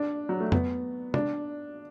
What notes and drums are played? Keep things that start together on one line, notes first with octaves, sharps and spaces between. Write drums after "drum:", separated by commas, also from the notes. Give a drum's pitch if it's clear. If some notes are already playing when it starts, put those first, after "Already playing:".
Already playing: D4
F#3
A3
B3, drum: tom F2
D4, drum: tom